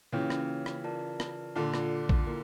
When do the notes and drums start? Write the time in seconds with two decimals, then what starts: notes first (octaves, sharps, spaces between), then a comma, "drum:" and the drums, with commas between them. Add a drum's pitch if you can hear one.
0.12 C#3 E3 A#3 C#4 F4 C#5 G5
0.30 drum: rim click
0.66 drum: rim click
0.84 F4 A#4 D5 A5
1.20 drum: rim click
1.55 A#2 D3 F4 A4 D5 A5
1.74 drum: rim click
2.09 drum: kick
2.27 A#3 E4 A#4